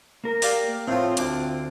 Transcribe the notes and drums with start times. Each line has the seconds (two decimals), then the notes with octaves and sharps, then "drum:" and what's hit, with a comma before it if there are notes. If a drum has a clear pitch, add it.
0.24 A#3 A#4
0.42 G4 D5 F5, drum: open hi-hat
0.87 A2 F3 C4 F4
1.17 D2 D6, drum: hi-hat